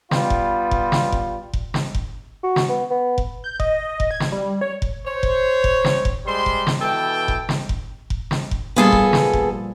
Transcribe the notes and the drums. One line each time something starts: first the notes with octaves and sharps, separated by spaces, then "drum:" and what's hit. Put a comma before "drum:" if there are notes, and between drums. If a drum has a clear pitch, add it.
G3 B3 F4, drum: snare
drum: kick F1
drum: kick F1
drum: snare
drum: kick F1
drum: kick F1
drum: snare
drum: kick F1
F#4
drum: snare
B3
B3
drum: kick F1
G6
D#5, drum: kick F1
D#5
drum: kick F1
G#6
drum: snare
G3
C#5
drum: kick F1
C5 C#5
drum: kick F1
drum: kick F1
drum: snare
drum: kick F1
G3 G#3 C5 C6
drum: kick F1
drum: snare
B2 E3 A4 G5
drum: kick F1
drum: snare
drum: kick F1
drum: kick F1
drum: snare
drum: kick F1
A#2 F3 G3 B3 G#4 A4
drum: kick F1
drum: snare
drum: kick F1